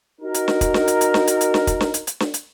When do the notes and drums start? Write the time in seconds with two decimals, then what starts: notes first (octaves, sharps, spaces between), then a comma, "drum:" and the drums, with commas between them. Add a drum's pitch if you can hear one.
0.21 D#4 F#4 A#4
0.34 drum: hi-hat
0.48 drum: snare
0.61 drum: kick, hi-hat
0.74 drum: snare
0.88 drum: hi-hat
1.01 drum: hi-hat
1.14 drum: snare
1.27 drum: hi-hat
1.41 drum: hi-hat
1.54 drum: snare
1.67 drum: kick, hi-hat
1.81 drum: snare
1.94 drum: hi-hat
2.07 drum: hi-hat
2.20 drum: snare
2.34 drum: hi-hat